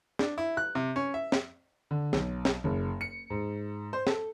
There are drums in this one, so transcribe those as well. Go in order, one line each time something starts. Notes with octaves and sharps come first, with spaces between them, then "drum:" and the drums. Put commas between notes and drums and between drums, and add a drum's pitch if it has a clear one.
D4, drum: snare
E4
F#6
C3
C#4
E5
drum: snare
D3
B1, drum: snare
drum: snare
F#1
C#7
G#2
C5
A4, drum: snare